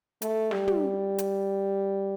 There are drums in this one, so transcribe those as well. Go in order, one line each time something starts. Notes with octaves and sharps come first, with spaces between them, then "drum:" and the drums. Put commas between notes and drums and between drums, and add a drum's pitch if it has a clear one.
A3, drum: hi-hat
G3, drum: snare
drum: tom
drum: hi-hat